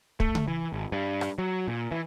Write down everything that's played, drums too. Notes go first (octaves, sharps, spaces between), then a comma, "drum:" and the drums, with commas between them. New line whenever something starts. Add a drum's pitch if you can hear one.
A3, drum: kick
drum: tom C#3
E3
G#1
G2
drum: rim click
F#3
A#2
E3